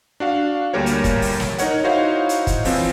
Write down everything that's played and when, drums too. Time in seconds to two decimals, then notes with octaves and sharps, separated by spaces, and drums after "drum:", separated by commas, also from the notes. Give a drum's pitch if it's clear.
0.20 D4 F#4 F5
0.74 D2 G3 A#3 G4 A#4 C#5
0.86 drum: hi-hat
1.04 drum: kick, hi-hat
1.22 drum: open hi-hat
1.40 drum: snare
1.58 D#4 A#4 C#5 F#5, drum: hi-hat
1.84 D#4 E4 F#4 C5 C#5 F5
2.29 drum: hi-hat
2.47 drum: kick, hi-hat
2.65 E3 F3 C4 F4, drum: open hi-hat